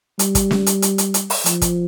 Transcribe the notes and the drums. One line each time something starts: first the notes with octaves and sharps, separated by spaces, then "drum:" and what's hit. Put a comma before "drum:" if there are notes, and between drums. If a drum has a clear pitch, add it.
G3, drum: hi-hat
drum: kick, hi-hat
drum: snare
drum: hi-hat
drum: hi-hat
drum: hi-hat
drum: hi-hat
drum: open hi-hat
F3, drum: hi-hat
drum: kick, hi-hat